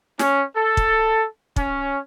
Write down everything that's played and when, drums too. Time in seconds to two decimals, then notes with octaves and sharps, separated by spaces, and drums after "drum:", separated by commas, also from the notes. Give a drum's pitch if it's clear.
0.19 C#4, drum: snare
0.55 A4
0.77 drum: kick
1.56 C#4, drum: kick